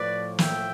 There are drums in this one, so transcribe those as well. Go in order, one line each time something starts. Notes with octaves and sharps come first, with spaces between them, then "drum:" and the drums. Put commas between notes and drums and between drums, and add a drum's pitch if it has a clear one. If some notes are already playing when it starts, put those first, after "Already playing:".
Already playing: A2 F3 B4 D5
E5 G5, drum: snare